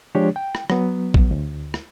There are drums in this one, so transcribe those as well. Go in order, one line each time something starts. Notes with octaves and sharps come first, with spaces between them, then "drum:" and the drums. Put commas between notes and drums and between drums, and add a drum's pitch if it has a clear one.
F3 G#3 D4 G4 C#5
G5
drum: rim click
F#3 B3, drum: rim click
drum: kick
D2
drum: rim click